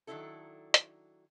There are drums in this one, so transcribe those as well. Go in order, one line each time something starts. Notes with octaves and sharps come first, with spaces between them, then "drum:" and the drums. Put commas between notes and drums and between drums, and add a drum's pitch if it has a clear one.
D#3 F#3 G3 D4 E4 A4
drum: hi-hat